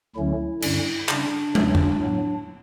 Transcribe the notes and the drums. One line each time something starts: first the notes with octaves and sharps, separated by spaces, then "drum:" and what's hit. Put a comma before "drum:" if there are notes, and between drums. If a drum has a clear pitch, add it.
D2 D3 F#3 A3 C#4 E4
G2 D3 G3 C#4, drum: cymbal
C#3 G3 C#4 D4, drum: clap
E2 C#3 F#3 A3 C#4, drum: tom
drum: tom F2
A2 F#3 B3